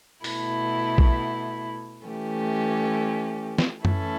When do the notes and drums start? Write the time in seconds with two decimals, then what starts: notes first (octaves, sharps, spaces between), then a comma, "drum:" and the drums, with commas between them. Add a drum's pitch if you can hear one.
0.24 B2 A3 E4, drum: open hi-hat
0.98 drum: kick
2.04 E3 A3 C#4 G4
3.58 drum: snare
3.85 E3 A3 C#4 E4 A4, drum: tom F#2